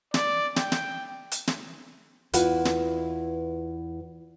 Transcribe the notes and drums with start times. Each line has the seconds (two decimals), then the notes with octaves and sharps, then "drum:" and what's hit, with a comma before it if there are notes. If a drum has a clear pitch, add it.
0.14 D5, drum: snare
0.56 G5, drum: snare
0.72 drum: snare
1.31 drum: hi-hat
1.47 drum: snare
2.33 E2 E4 F4 B4 F#5, drum: hi-hat
2.65 drum: snare